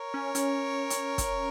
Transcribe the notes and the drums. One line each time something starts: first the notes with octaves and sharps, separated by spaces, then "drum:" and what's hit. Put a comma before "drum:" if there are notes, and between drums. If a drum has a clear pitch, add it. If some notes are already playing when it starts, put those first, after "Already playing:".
Already playing: A#4 C#5
C#4
C#4, drum: hi-hat
drum: hi-hat
drum: kick, hi-hat